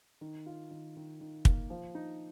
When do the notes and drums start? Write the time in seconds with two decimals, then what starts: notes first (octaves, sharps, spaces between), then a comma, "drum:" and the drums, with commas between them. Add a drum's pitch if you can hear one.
0.21 D#3
0.46 F4
0.71 D#3
0.97 D#3
1.21 D#3
1.45 A#3, drum: kick
1.70 F3
1.95 D#4